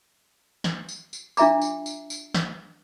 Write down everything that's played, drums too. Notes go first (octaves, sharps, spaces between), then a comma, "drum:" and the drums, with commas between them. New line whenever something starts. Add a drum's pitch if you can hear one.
drum: snare
drum: tambourine
drum: tambourine
D4 F4 E5 A#5 D6, drum: tambourine
drum: tambourine
drum: tambourine
drum: tambourine
drum: snare